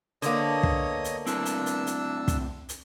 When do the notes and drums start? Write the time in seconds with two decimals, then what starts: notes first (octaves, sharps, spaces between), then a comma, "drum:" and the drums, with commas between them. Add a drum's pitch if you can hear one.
0.22 D3 A#3 B3 C#5 D#5 D#6, drum: hi-hat
0.63 drum: kick
1.04 drum: hi-hat
1.26 A2 C4 D4 E4 E6, drum: hi-hat
1.45 drum: hi-hat
1.66 drum: hi-hat
1.87 drum: hi-hat
2.28 drum: kick, hi-hat
2.69 drum: hi-hat